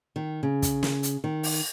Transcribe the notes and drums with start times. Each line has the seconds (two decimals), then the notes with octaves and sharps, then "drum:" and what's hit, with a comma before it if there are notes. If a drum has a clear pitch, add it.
0.16 D#3
0.43 C#3
0.62 drum: kick, hi-hat
0.83 drum: snare
1.03 drum: hi-hat
1.24 D#3
1.43 drum: open hi-hat